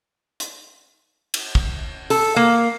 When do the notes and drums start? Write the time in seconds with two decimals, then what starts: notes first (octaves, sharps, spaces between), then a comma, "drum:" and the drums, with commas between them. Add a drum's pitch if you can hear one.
0.40 drum: hi-hat
1.34 drum: cymbal
1.55 drum: kick
2.10 A4, drum: open hi-hat
2.36 A#3